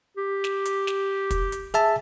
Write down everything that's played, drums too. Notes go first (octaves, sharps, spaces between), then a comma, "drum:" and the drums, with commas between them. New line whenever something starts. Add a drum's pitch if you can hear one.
G4
drum: snare
drum: hi-hat
drum: snare
drum: kick, hi-hat
drum: hi-hat
G#4 E5 A5, drum: hi-hat